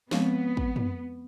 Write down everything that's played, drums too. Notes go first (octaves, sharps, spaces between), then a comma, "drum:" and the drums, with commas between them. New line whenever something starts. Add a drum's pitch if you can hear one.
F3 G#3 B3 C4, drum: snare
drum: kick
drum: tom